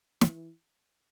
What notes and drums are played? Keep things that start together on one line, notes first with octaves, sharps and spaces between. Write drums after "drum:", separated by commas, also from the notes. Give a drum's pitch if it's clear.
E3, drum: snare